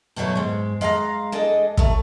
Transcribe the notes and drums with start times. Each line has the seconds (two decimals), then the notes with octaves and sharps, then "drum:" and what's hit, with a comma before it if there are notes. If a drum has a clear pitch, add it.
0.16 G2 B2 F#3 A3 C#5
0.35 G#2 G#3
0.81 G#3 F5 G#5 A#5
1.32 G#3 D4 A4 D#5
1.77 F#3 A3, drum: kick